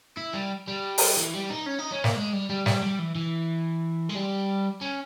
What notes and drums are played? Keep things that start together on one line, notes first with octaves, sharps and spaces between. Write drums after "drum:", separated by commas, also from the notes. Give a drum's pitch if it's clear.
E4
G3
G3
drum: open hi-hat
E3
G3
D#4
C#4
D#4
C#4
A#3, drum: snare
G#3
G3
G3
G3, drum: snare
G3
E3
E3
G#3
G3
C#4